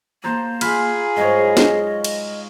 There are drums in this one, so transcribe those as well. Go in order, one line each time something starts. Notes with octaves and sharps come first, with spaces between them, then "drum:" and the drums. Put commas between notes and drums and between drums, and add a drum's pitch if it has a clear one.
A#3 C5 A5 A#5
F4 G#4 G#5 B5, drum: cymbal
G#2 F#3 C5 C#5 D#5
drum: snare
drum: cymbal